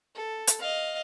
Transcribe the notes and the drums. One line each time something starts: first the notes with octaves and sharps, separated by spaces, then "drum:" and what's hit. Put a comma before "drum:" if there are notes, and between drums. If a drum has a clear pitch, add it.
A4
drum: hi-hat
D#5 F5